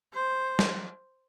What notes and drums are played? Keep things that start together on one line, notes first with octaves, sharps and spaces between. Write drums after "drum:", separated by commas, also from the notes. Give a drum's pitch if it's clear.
C5
drum: snare